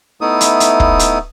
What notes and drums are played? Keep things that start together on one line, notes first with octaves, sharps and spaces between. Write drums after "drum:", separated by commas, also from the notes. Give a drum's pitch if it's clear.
A3 B3 D#4 E4 D#6
drum: hi-hat
drum: hi-hat
drum: kick
drum: hi-hat